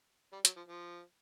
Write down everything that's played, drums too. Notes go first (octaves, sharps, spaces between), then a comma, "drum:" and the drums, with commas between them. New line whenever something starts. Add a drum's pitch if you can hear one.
G3
F#3, drum: hi-hat
F3
F3